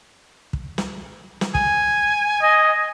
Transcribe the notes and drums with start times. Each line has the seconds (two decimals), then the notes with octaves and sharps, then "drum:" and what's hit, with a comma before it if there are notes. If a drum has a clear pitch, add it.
0.53 drum: kick
0.78 drum: snare
1.41 drum: snare
1.55 G#5, drum: kick
2.42 D#5